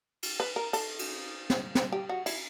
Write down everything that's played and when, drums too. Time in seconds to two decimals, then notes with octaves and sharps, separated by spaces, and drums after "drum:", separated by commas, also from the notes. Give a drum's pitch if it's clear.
0.23 drum: cymbal
0.40 B4
0.56 A#4
0.73 A4, drum: cymbal
0.99 drum: cymbal
1.50 drum: snare
1.75 drum: snare
1.92 G4
2.09 F#4
2.26 E4, drum: cymbal